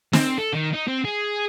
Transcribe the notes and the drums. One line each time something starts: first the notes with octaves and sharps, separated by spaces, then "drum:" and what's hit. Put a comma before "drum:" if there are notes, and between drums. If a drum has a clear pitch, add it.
C4, drum: snare
A4
D#3
D#4
C4
G#4